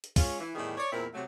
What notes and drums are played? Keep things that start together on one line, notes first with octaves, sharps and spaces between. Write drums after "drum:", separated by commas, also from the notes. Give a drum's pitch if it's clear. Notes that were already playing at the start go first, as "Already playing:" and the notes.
drum: hi-hat
G#3 C#4 F4, drum: kick, open hi-hat
E3
E2 A2 D#3 G3 E4 G#4
C#5 D5
E2 A#2 C4 E4 A#4
C3 F#3 A3